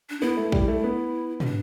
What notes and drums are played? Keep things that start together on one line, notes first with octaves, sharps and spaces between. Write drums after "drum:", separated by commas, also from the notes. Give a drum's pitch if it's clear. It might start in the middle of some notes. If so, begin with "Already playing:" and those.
D4
B3 E4
A3
G3, drum: kick
A3
B3
C#4, drum: tom
D4